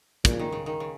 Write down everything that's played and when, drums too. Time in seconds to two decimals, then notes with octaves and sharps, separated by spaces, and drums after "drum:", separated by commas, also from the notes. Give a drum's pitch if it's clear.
0.25 A#2 C#3, drum: kick, hi-hat
0.39 D#3
0.52 C#3
0.66 D#3
0.80 C#3